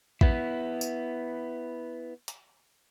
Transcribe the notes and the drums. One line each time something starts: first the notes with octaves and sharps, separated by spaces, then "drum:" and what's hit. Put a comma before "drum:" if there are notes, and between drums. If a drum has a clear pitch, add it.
B3 E4, drum: kick A1
drum: tambourine
drum: hi-hat